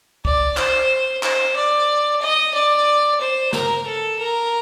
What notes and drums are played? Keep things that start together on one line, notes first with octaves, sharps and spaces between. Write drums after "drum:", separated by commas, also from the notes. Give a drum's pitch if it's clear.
D5, drum: kick
C5, drum: clap
C5, drum: clap
D5
D#5
D5
C5
A#4, drum: snare
A4
A#4